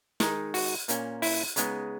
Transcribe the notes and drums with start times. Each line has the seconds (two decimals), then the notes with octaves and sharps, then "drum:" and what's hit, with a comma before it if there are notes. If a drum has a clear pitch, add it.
0.20 D#3 G#3 D#4, drum: snare
0.54 F#4, drum: open hi-hat
0.88 A#2 A#3 C#4, drum: hi-hat
1.22 E4, drum: open hi-hat
1.56 C#3 G#3 B3 D#4, drum: hi-hat